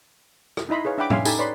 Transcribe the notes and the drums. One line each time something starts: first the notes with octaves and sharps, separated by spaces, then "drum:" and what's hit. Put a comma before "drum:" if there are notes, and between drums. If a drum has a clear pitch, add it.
drum: rim click
D#4 E4 D#5 B5 C6
G#4 B4 C#5 F5
D4 E5 F#5 G5 B5 D6
C#4 E5 F5 G#5 C6, drum: tom A2
D#4 G4 A4 G#5 A5 B5, drum: tambourine
B4 C#5 D5 B5 C6